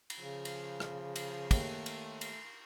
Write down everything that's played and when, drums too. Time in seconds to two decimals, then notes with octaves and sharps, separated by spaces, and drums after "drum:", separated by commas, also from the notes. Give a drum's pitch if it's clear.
0.10 drum: cymbal
0.19 C#3 F3
0.45 drum: cymbal
0.80 drum: rim click
1.16 drum: cymbal
1.51 D#2 A3, drum: kick, cymbal
1.86 drum: cymbal
2.21 drum: cymbal